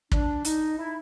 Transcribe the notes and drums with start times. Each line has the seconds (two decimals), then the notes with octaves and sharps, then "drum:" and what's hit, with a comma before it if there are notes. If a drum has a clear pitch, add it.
0.12 D4, drum: kick
0.45 D#4, drum: hi-hat
0.77 E4